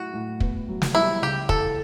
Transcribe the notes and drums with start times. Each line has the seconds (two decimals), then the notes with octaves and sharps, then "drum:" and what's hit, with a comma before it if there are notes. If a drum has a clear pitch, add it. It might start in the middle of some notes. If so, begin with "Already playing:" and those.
Already playing: A2 F#3 E4 F#4
0.13 A2
0.40 B3, drum: kick
0.68 F#3
0.82 drum: snare
0.95 G3 E4
1.22 C#2 G4
1.49 E3 A4, drum: kick